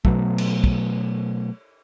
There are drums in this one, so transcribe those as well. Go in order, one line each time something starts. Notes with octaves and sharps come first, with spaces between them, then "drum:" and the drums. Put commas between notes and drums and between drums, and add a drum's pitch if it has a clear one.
B2 F#3 A3, drum: kick
drum: cymbal
drum: kick